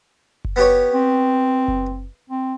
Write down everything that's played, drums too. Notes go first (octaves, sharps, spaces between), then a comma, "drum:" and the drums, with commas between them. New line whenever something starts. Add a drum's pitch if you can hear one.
drum: kick F#1
B3 G4 C#5
C4
drum: kick F#1
C4